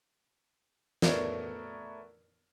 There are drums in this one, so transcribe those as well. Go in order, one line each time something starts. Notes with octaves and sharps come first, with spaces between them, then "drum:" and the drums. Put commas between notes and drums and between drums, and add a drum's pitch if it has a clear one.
A3 B3 F#4 A#4 C#5 D5, drum: snare